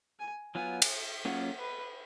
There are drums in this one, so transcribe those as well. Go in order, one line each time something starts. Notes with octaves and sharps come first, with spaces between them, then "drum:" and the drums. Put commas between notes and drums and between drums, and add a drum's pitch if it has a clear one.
G#5
F#3 B3 F4 G#5
drum: cymbal
F#3 A#3 C#4 F4 G#4 F#5
B4